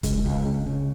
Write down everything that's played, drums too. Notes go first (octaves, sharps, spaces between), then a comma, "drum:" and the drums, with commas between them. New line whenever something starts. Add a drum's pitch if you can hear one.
C#2 G#3, drum: kick, hi-hat
C#2
C#3
C#3